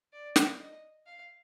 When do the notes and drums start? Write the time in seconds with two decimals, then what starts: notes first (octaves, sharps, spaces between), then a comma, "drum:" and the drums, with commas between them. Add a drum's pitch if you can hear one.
0.13 D5
0.36 drum: snare
0.59 D#5
1.07 F5